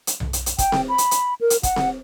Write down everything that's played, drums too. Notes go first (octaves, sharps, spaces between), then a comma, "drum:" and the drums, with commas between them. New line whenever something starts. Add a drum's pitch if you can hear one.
drum: hi-hat
drum: tom B1
drum: hi-hat
drum: hi-hat
G5, drum: kick, hi-hat
drum: snare C4
B5
drum: hi-hat
drum: hi-hat
A#4
drum: hi-hat
F#5, drum: kick, hi-hat
drum: snare C4